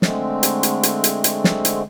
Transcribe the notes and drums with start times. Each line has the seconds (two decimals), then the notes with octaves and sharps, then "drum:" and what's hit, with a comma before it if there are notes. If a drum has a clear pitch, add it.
0.02 D3 G#3 A3 C4, drum: snare
0.43 drum: hi-hat
0.63 drum: hi-hat
0.83 drum: hi-hat
1.04 drum: hi-hat
1.24 drum: hi-hat
1.44 drum: snare
1.65 drum: hi-hat